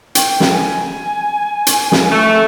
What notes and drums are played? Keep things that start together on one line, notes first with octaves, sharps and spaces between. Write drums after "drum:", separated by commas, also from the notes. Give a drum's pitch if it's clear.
G5, drum: hi-hat
drum: snare
G#5
drum: hi-hat
drum: snare
A3 C#6